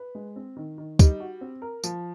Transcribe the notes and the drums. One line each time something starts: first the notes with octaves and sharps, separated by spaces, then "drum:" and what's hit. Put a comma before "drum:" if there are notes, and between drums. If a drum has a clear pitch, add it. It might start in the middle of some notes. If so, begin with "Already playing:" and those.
Already playing: B4
G#3
C4
D#3
D#3
G3 D#4, drum: kick, tambourine
F#4
C4
A#4
F3, drum: tambourine